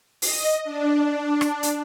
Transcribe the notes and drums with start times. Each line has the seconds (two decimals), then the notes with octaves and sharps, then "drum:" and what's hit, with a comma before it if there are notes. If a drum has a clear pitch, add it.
0.22 D#5, drum: open hi-hat
0.64 D4
1.41 drum: rim click
1.63 drum: hi-hat